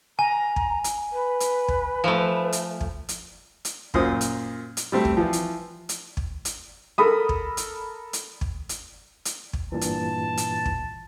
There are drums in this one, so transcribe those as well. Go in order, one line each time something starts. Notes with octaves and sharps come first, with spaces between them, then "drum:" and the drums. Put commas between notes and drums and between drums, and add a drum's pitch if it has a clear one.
G#5 A#5
drum: kick
drum: hi-hat
B4
drum: hi-hat
drum: kick
F3 A3
drum: hi-hat
drum: kick
drum: hi-hat
drum: hi-hat
F#2 A#2 C5 D#6, drum: kick
drum: hi-hat
drum: hi-hat
G3 A3 C4
drum: kick
E3 F3
drum: hi-hat
drum: hi-hat
drum: kick
drum: hi-hat
A4 A#4 B5 D#6
drum: kick
drum: hi-hat
drum: hi-hat
drum: kick
drum: hi-hat
drum: hi-hat
drum: kick
G2 A#2 E3 A5
drum: hi-hat
drum: hi-hat
drum: kick